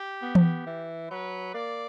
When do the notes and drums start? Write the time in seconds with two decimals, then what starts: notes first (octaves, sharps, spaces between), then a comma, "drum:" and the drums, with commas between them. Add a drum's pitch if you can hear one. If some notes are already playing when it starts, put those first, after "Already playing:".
Already playing: G4
0.23 B3
0.35 drum: tom E3
0.67 E3
1.10 F#3 B4
1.54 A#3 D5